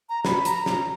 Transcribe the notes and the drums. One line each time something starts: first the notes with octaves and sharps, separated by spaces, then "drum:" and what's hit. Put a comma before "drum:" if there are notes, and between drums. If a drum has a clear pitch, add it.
A#5
B5, drum: snare
A#5, drum: hi-hat
A#5, drum: snare